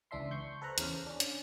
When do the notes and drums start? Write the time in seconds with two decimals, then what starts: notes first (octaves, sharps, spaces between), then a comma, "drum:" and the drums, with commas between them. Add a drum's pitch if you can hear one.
0.11 C#2 E3 D4 E5 C6
0.31 C6 C#6 G6
0.62 A4 B4 C5 A#5 F#6
0.78 E2 C#3 F6, drum: hi-hat
1.06 C#4 D4
1.20 drum: hi-hat